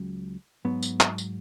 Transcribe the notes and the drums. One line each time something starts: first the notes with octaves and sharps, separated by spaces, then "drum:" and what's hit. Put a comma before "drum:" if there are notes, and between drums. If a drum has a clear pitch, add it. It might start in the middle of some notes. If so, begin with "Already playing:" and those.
Already playing: C#2 C#3 F#3
G#2 F#3 B3
drum: tambourine
drum: clap
drum: tambourine